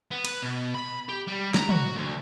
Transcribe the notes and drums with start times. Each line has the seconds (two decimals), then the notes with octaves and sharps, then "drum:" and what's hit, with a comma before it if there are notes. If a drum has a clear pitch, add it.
0.11 B3
0.25 B4, drum: cymbal
0.43 B2
0.75 B5
1.09 G4
1.27 G3
1.54 A#5, drum: snare
1.69 F#4, drum: tom
1.96 D2